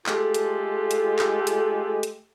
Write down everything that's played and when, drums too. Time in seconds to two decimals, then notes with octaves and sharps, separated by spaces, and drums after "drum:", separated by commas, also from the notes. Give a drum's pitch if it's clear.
0.06 G#3 A3 F4 G4 A4, drum: clap
0.34 drum: hi-hat
0.91 drum: hi-hat
1.19 drum: clap
1.47 drum: hi-hat
2.03 drum: hi-hat